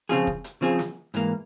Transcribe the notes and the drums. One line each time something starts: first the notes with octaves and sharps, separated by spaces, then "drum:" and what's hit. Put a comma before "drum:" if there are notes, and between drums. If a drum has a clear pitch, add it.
C#3 F3 C4 F4 G#4, drum: snare
drum: kick E1
drum: hi-hat
C#3 F3 C4 F4 G#4
drum: snare
G#2 E3 A#3, drum: hi-hat